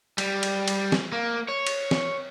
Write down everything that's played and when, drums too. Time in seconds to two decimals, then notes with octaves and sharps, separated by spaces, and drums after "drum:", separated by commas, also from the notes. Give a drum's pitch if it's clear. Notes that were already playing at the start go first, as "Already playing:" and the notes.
0.18 G3, drum: cymbal
0.43 drum: cymbal
0.68 drum: cymbal
0.92 drum: snare
1.12 A#3
1.48 C#5
1.67 drum: cymbal
1.91 drum: snare